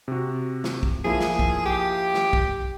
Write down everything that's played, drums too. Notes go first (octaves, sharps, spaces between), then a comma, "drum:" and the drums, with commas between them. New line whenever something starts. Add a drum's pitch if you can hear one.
C3 F#4
drum: snare
drum: kick
F3 A#3 E4 G#4
drum: snare
drum: kick
G4
drum: snare
drum: kick